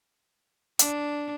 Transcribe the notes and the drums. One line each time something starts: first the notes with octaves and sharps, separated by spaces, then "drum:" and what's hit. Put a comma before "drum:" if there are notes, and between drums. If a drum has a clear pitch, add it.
D4, drum: hi-hat